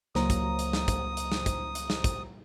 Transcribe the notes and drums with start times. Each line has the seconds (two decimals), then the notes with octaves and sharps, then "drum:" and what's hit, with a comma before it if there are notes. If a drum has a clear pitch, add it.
0.15 C#2 F#3 A#3 C5 A#5 D#6, drum: snare
0.30 drum: kick, hi-hat
0.59 drum: hi-hat
0.73 drum: snare
0.88 drum: kick, hi-hat
1.17 drum: hi-hat
1.32 drum: snare
1.46 drum: kick, hi-hat
1.75 drum: hi-hat
1.90 drum: snare
2.04 drum: kick, hi-hat